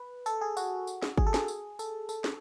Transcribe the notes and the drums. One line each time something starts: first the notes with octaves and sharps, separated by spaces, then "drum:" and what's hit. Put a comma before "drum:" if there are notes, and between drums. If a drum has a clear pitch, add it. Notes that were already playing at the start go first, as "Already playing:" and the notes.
Already playing: B4
A4, drum: tambourine
G#4
F#4, drum: tambourine
drum: tambourine
drum: snare
G#4, drum: kick G1
A4
G#4, drum: snare
drum: tambourine
A4, drum: tambourine
A4, drum: tambourine
drum: snare